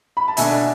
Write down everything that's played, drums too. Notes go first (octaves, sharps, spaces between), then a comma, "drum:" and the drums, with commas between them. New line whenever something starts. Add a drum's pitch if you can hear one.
B5
A5
B2 A3 D4 E5 G#5, drum: hi-hat